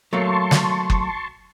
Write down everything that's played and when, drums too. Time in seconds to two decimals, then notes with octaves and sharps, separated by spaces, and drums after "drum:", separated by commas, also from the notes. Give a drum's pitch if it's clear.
0.13 F#3 A3 A#3 A5 C6 C#6
0.51 drum: snare
0.90 drum: kick F#1